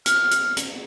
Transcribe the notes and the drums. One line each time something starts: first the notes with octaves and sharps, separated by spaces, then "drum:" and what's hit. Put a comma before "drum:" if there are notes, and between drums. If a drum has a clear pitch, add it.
F6, drum: hi-hat
drum: hi-hat
drum: hi-hat